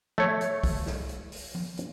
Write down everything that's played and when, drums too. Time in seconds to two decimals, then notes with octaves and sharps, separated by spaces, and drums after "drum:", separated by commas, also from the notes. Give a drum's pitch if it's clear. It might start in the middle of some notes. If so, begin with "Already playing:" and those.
0.18 A3 C#5, drum: tom F3
0.41 drum: hi-hat
0.64 drum: kick, open hi-hat
0.86 drum: snare
1.09 drum: hi-hat
1.32 drum: open hi-hat
1.55 drum: tom F3
1.77 drum: hi-hat